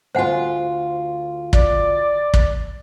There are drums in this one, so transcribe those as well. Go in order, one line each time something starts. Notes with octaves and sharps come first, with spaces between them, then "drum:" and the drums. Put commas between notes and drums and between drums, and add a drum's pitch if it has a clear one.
D2 F4 C5 F#5 G#5
D5, drum: kick
drum: kick